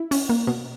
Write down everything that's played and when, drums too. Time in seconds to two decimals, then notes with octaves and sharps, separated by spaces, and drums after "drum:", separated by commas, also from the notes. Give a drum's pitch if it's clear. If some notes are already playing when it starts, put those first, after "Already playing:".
Already playing: E4
0.11 C#4, drum: open hi-hat
0.29 A#3
0.47 B2